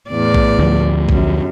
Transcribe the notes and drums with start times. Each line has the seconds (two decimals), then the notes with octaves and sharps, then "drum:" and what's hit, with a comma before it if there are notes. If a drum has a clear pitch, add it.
0.10 E2 A2 D5
0.35 drum: kick A#1
0.59 D2 F3
1.09 F#2, drum: kick A#1